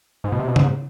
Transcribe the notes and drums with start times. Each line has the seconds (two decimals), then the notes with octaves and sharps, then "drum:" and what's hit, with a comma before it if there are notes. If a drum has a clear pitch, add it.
0.24 G#2
0.32 B2
0.39 C3
0.48 B2
0.56 G#2, drum: tom